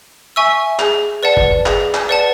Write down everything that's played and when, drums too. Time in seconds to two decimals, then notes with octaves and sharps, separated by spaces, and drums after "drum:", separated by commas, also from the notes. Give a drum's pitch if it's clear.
0.36 E5 G#5 C#6 E6
0.79 G#4, drum: clap
1.23 B4 D5 F#5 A5
1.37 drum: kick G1
1.66 G#4, drum: clap
1.94 drum: clap
2.09 B4 D5 F#5 A5